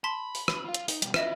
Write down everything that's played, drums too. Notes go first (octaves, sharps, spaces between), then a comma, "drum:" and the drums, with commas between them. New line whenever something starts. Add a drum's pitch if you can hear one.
A5 B5 C6 B6
drum: open hi-hat
drum: rim click
F4 F5
drum: hi-hat
D#4, drum: open hi-hat
B2 G3, drum: hi-hat
E4 F4 D#5 E5 E7, drum: rim click